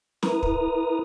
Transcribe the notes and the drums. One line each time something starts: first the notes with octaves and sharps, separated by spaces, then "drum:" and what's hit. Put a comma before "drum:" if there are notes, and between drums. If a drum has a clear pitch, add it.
E4 A#4 B4 A#5 D#6, drum: snare
drum: kick